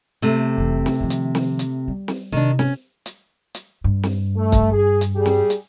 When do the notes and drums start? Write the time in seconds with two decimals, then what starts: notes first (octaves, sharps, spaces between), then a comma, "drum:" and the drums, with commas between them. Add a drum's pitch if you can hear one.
0.22 C3 A3
0.57 F1 E3
0.86 drum: snare
1.01 D#3 F3
1.10 drum: hi-hat
1.35 drum: snare
1.59 drum: hi-hat
1.88 G3
2.08 drum: snare
2.32 C3 D#3 D4
2.59 C#4, drum: snare
3.06 drum: hi-hat
3.55 drum: hi-hat
3.84 G2
4.03 drum: snare
4.36 A3
4.52 drum: kick, hi-hat
4.72 G#4
5.01 drum: hi-hat
5.16 G3 G4 G#4
5.26 drum: snare
5.50 drum: hi-hat